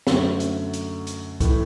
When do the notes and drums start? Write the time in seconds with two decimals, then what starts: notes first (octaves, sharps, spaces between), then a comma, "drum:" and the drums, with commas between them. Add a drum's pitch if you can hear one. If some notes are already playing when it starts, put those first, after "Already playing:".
0.07 F#2 D3 F#3 A3, drum: snare
0.40 drum: hi-hat
0.73 drum: hi-hat
1.07 drum: hi-hat
1.40 A2 E3 A3, drum: kick, hi-hat